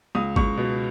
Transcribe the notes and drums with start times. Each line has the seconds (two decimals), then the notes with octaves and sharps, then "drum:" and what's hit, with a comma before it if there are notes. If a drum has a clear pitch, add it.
0.15 C#2 D#6
0.36 C#2 C#6, drum: kick
0.57 B2